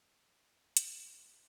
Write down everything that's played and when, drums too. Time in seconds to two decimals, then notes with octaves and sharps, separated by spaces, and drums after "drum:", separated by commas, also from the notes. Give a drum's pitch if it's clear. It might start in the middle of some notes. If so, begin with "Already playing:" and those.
0.14 D#4
0.35 E4
0.56 F#4
0.77 G#4, drum: hi-hat
0.97 A#3
1.19 B3